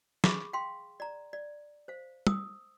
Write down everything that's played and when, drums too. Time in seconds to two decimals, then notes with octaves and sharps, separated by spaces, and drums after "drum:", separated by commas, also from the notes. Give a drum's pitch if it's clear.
0.24 G#4 B5 C#6 D6, drum: snare
0.53 F5 G5 C6
1.00 D5 A#5
1.33 D5
1.88 C5 F5
2.27 D#6 E6, drum: tom